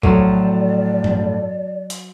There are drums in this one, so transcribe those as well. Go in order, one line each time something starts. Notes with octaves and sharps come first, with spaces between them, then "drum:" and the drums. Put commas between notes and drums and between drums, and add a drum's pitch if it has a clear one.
A2 F3 F#3 A4 D5 F#5 C6, drum: kick A#1
drum: tom G2
drum: hi-hat